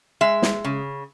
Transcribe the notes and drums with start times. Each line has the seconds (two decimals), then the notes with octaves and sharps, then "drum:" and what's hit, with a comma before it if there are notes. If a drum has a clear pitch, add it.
0.21 G#3 E5
0.42 drum: snare
0.64 C#3